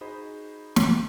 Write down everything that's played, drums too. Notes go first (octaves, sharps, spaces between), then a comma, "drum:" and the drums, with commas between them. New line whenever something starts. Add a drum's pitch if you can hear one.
D#4 F#4 G#4 C5 D#5 B5
drum: snare